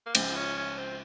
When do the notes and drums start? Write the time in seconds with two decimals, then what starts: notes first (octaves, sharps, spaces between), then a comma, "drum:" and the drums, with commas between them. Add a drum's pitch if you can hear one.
0.06 A#3
0.15 C#2 C#3 F3 C4, drum: cymbal
0.36 C#4
0.57 C#4
0.78 C4